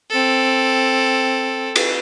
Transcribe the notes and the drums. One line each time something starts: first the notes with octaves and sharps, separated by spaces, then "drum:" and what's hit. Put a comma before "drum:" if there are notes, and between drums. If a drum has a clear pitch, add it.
C4 A4
drum: cymbal